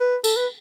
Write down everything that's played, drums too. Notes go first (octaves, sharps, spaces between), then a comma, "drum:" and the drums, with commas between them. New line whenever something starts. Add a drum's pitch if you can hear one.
B4
A4, drum: tambourine
B4